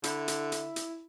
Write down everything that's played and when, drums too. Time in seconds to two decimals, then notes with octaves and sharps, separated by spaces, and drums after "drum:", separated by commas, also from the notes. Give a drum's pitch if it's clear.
0.04 D3 E4, drum: hi-hat
0.28 drum: hi-hat
0.52 drum: hi-hat
0.76 drum: hi-hat